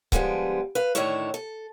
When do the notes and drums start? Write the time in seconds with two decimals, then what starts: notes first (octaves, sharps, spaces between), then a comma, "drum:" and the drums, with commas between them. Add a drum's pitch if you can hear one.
0.12 D3 F3 G3 G#3 B3, drum: kick C#1
0.75 B4 F5
0.95 A2 D3 D#3 A3 E4 C#5
1.34 A4